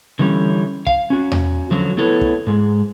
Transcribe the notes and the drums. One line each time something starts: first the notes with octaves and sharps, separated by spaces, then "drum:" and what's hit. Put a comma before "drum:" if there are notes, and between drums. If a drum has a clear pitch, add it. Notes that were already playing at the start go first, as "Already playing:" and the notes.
D3 E3 G3 C#4
F5, drum: kick
C#4 F#4
drum: tom E2
D3 F3 F#3
A3 B3 E4 A4 B4 C#5
drum: kick
G#2 G#3